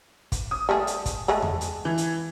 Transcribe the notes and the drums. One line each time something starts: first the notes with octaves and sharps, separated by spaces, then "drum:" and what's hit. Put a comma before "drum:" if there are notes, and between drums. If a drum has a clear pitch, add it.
drum: kick, hi-hat
D#6
G3 A3 G#4
drum: hi-hat
drum: kick, hi-hat
G#3 A3 G#4
drum: tom E2
drum: hi-hat
E3
drum: hi-hat